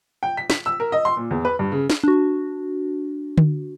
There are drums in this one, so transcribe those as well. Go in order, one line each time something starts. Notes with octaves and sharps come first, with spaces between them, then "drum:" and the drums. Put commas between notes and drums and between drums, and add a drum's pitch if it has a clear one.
G5
B6
B6, drum: snare
E6
A#4
D#5
C6
A#2
E2
B4
G2
C#3
drum: snare
D4 F#4
drum: tom D3